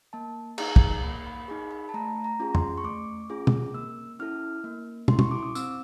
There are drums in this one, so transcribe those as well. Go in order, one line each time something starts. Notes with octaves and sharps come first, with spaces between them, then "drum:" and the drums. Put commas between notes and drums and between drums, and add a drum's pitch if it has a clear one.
A#3 A5
D#4 G#4 A#5, drum: cymbal
drum: kick
A#3 B5
B5
D#4 G#4 B5
B5
A5
A3 A#5
A#5
C#4 F4 G#4
C6, drum: tom
C#6
A3 D6
C#4 F4 G#4 D6
drum: tom
A#3 E6
C#4 E4 A4 F6
A#3
C#4 E4 A4 C6, drum: tom
C#6, drum: tom
D6
D#6
C4 E6, drum: tambourine